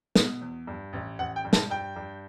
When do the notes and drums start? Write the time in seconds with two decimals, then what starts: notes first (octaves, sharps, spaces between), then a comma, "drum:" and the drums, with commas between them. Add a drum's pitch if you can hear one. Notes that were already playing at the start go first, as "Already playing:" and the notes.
0.16 B2, drum: snare
0.41 E2
0.67 G2
0.93 A1
1.19 A1 F#5
1.36 G5
1.45 G2
1.53 A5, drum: snare
1.70 G2 G5
1.96 G2